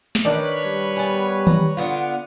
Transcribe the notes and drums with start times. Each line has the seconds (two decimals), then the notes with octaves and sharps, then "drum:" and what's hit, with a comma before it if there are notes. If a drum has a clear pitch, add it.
0.15 drum: snare
0.25 D#3 D4 D#4 B4 C#5 D5
0.65 G3
0.96 B3 G#5
1.47 A#5, drum: tom D#3
1.77 D3 B3 F4